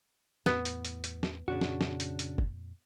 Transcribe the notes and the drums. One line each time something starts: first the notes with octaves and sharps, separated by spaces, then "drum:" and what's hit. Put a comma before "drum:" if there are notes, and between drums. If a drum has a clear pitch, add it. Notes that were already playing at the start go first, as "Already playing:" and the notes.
E2 A2 B3, drum: snare
drum: hi-hat
drum: hi-hat
drum: hi-hat
drum: snare
F2 A#2 C#3 D4 F#4
drum: snare
drum: snare
drum: hi-hat
drum: hi-hat
drum: kick